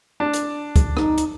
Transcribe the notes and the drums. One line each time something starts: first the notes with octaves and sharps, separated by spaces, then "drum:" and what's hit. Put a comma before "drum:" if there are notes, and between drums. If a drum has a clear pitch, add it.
D4
drum: hi-hat
drum: kick C#2, hi-hat
D#4, drum: rim click
drum: hi-hat